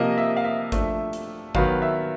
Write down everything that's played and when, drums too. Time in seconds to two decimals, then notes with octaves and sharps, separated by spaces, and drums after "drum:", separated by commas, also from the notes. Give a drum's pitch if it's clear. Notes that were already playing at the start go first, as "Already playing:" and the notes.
Already playing: C3 F3 A#3 D#5
0.18 E5
0.37 F5
0.44 E5
0.72 F3 A3 D4, drum: kick G#1, hi-hat
1.13 drum: hi-hat
1.55 D#3 F#3 B3 F5, drum: kick G#1
1.82 E5